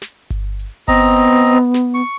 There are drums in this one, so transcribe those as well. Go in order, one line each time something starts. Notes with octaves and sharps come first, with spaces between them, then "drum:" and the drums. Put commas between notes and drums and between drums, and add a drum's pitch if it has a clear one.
drum: snare
drum: kick G1, hi-hat
drum: hi-hat
B3 C4 D#5 A#5, drum: kick G1, hi-hat
drum: hi-hat
drum: hi-hat
drum: snare
C#6